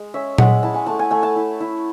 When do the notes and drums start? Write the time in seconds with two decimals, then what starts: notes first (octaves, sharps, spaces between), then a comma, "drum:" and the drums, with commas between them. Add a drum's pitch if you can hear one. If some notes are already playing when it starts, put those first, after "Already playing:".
Already playing: G#3
0.14 C#4 E5
0.38 G#3 F#5, drum: tom A#2
0.63 E4 A5
0.74 G#5
0.86 A3 A5
0.99 G#5
1.11 A3 G#5
1.23 A5
1.36 E4
1.60 E4